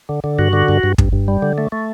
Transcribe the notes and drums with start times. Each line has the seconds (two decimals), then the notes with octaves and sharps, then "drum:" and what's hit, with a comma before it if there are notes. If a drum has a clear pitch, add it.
0.09 D3
0.24 D3
0.38 G2 F#4
0.53 D3
0.68 G2
0.83 G2
0.98 G2, drum: kick
1.13 G2
1.28 G3
1.42 D3
1.58 A3
1.72 A3